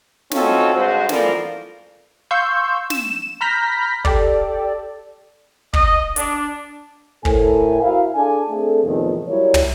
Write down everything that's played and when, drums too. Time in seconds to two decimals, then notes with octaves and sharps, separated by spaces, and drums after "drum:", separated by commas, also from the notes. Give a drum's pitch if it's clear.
0.31 C4 C#4 D#4 F4 F#4 A4, drum: snare
0.74 G2 G#3 F#4 C5
1.09 E3 F3 F4 A4 A#4 D5, drum: snare
2.31 F5 C6 C#6 E6 G6
2.90 E7, drum: snare
3.41 A#5 B5 F6 G6 A#6 B6
4.05 G4 A4 D5, drum: kick
5.73 D#5, drum: kick
6.16 D4, drum: hi-hat
7.25 A2 E4 A4 A#4 C5 G#5, drum: kick
7.83 E4 F#4 A#4 F5
8.15 D4 G#4 A4 G#5
8.49 A3 C4 D4 G#4 A4
8.85 E2 A2 C3 D#3 F3
9.28 F#3 G3 A#3 E4 G4 C#5
9.54 drum: tom